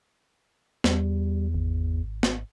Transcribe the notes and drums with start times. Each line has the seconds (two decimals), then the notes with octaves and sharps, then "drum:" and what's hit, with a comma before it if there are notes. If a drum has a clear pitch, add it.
0.84 E2 G3, drum: snare
1.54 G#1
2.23 drum: snare